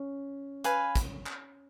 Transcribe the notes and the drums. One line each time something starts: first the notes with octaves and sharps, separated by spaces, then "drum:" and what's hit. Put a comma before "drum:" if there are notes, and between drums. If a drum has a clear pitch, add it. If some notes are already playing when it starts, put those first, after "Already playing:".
Already playing: C#4
B4 F5 G#5, drum: hi-hat
drum: kick, hi-hat
drum: clap